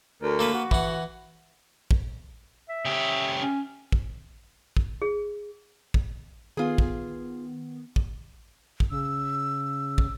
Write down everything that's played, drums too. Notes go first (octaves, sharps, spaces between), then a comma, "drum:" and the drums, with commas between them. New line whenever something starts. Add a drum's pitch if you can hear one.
D2 A#4
A#3 A4 B4
F#4
E3 F#5, drum: kick
drum: kick
E5
C#3 G4
C#4
drum: kick
drum: kick
G#4
drum: kick
D#3 B3 F4 G#4
drum: kick
drum: kick
drum: kick
C#3 E6
drum: kick